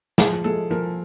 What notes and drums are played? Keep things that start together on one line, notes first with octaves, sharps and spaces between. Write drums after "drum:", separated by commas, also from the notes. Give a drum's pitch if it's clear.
F3 G#4, drum: snare
G#3 A4
F3 A#4